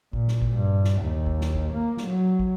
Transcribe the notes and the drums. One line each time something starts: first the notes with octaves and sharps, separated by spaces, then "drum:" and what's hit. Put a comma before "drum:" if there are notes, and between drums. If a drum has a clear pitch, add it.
A#2, drum: kick
drum: snare
drum: kick
G2
drum: snare
D#2
drum: kick
drum: snare
drum: kick
A#3
drum: snare
F#3
drum: kick